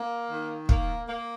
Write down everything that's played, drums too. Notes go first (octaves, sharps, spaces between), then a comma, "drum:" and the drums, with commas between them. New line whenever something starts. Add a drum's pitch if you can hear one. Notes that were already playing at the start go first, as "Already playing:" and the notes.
Already playing: A#3
D#3
A#3, drum: kick
A#3